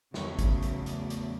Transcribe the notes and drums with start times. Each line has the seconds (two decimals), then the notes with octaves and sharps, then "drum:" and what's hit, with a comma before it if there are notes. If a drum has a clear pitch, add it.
0.14 E2 C#3 F#3 A3 C#5, drum: snare
0.39 drum: kick G#1, hi-hat
0.63 drum: hi-hat
0.86 D5, drum: hi-hat
1.10 drum: hi-hat